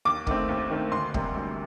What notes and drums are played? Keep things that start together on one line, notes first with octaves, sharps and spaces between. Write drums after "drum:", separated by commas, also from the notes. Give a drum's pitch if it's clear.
D#2 D6
D#3 A3 C4, drum: kick
D#2
D#3 A3 C4
D2 C6
C3 G3 A#3, drum: kick
D2